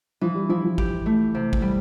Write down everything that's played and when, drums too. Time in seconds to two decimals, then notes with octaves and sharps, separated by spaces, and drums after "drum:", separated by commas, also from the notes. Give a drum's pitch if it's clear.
0.21 E3 F3
0.35 G3
0.49 F3 E4
0.64 F3
0.78 G4, drum: kick G#1
1.06 A3
1.35 C3
1.53 drum: kick G#1
1.62 G3